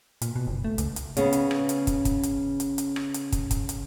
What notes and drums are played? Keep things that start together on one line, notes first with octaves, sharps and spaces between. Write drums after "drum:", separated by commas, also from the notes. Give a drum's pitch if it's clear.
A#2, drum: hi-hat
B2
F#1
A3
C#2, drum: hi-hat
drum: hi-hat
C#3 B3, drum: hi-hat
drum: hi-hat
drum: rim click
drum: hi-hat
drum: kick, hi-hat
drum: kick, hi-hat
drum: hi-hat
drum: hi-hat
drum: hi-hat
drum: rim click
drum: hi-hat
drum: kick, hi-hat
drum: kick, hi-hat
drum: hi-hat